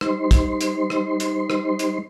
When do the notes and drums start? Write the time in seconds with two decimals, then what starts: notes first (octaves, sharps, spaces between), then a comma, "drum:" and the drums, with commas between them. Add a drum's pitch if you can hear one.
0.01 G3 D#4 C5 C6, drum: rim click
0.31 drum: kick, hi-hat
0.61 drum: hi-hat
0.90 drum: rim click
1.20 drum: hi-hat
1.50 drum: rim click
1.79 drum: hi-hat